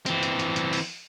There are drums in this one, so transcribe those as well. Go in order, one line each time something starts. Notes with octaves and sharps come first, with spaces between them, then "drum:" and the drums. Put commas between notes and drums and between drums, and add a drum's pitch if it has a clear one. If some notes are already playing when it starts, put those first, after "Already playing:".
E3 C4, drum: hi-hat
drum: hi-hat
drum: hi-hat
drum: hi-hat
drum: open hi-hat